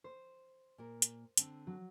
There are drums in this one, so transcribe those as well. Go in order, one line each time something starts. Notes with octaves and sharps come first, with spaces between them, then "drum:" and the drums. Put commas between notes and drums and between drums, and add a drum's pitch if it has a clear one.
C5
A#2 A#3 A#4
drum: hi-hat
D3 C4, drum: hi-hat
F#3